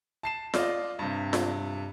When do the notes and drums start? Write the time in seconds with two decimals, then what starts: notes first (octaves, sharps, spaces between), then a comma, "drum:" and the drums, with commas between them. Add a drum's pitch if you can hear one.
0.23 A5 C7 E7
0.54 F4 D5 D#5, drum: snare F4
0.99 G2 C3
1.33 drum: snare F4